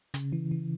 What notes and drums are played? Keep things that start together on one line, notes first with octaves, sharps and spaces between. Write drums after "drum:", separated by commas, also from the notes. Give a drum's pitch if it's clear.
C#3, drum: hi-hat
E3
E3